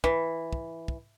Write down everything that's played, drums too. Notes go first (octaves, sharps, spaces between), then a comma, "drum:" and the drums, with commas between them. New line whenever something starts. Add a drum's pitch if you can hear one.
E3, drum: kick
drum: kick
drum: kick